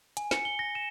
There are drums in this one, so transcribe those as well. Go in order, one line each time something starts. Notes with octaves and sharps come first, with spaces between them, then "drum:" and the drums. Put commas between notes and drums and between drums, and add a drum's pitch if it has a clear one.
G#5, drum: hi-hat
C#7, drum: snare
G7
A#6
E7